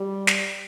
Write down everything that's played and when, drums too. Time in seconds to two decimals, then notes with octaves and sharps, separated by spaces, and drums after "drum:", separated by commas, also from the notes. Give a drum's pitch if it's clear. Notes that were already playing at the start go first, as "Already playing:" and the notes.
Already playing: G3
0.27 drum: snare